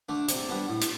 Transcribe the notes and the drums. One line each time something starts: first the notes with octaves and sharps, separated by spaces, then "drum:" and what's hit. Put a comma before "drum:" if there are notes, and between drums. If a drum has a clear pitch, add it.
D3 A3 D4
C3 D5, drum: hi-hat
G3 B3 D4
A2
drum: hi-hat